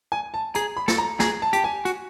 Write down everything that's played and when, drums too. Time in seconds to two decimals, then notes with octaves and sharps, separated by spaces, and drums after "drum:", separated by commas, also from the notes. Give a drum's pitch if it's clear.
0.12 G#5
0.34 A5
0.55 G#4 A#5, drum: hi-hat
0.77 B5
0.88 A4 A5, drum: snare
0.98 A#5
1.20 G#4 A#5, drum: snare
1.42 A5
1.53 G4 A5, drum: hi-hat
1.64 G#5
1.85 F#4, drum: hi-hat